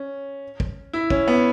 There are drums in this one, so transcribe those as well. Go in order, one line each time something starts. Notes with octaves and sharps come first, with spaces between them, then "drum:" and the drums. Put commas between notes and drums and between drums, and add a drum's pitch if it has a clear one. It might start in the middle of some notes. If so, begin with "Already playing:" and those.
Already playing: C#4
drum: kick
E4
C#4, drum: kick
B3